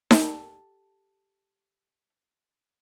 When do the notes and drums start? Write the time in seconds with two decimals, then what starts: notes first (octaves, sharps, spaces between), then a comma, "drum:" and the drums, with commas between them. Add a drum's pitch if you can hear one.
0.11 G4 A4 A5, drum: snare D#4